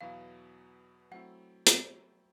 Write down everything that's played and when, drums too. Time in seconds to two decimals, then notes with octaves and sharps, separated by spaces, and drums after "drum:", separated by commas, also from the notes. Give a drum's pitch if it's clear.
0.01 E2 B2 F#3 B3 E4 F5
1.11 F#3 A3 C4 E4 F#5
1.67 E5, drum: hi-hat